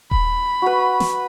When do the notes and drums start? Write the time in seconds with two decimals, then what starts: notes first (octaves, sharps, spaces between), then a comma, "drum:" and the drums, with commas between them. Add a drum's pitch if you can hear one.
0.11 B5, drum: kick D#1
0.62 F#4 B4
1.00 drum: snare